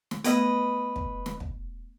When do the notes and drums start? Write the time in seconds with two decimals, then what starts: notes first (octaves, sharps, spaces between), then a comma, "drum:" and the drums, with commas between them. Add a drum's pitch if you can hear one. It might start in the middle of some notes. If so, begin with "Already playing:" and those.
0.11 drum: snare
0.24 A3 B3 B4 D#5, drum: hi-hat
0.96 drum: kick
1.26 drum: snare
1.40 drum: kick